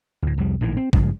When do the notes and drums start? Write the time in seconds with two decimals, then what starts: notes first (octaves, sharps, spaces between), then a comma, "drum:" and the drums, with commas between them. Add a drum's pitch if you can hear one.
0.22 D2 A2
0.38 C2 F2 G3
0.61 A#1 A2 D#3 E3
0.77 C4
0.93 G2 C#3 F3 G#3, drum: kick